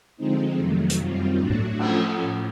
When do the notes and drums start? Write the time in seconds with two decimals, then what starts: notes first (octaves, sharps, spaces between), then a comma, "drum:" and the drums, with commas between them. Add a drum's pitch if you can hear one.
0.17 D3 F3 G#3 C4 D#4
0.57 F2 C3 D#3 F#3 A3
0.90 drum: hi-hat
0.99 F#2 D#3 G3 C4 F4
1.39 A2 F#3 A3 D4 F#4
1.50 drum: tom A2
1.79 F3 A3 C#4 F4 A4, drum: cymbal
2.21 A2